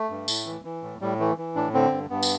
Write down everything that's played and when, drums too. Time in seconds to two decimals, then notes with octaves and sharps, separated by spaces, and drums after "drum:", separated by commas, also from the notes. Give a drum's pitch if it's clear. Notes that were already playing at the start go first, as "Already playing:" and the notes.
Already playing: A3
0.10 G2
0.28 A2, drum: tambourine
0.46 E3
0.65 E3
0.82 A2
1.01 A2 G3
1.20 E3 A3
1.38 E3
1.56 A2 D4
1.74 D3 C4
1.92 G2
2.10 G2 B3
2.23 drum: tambourine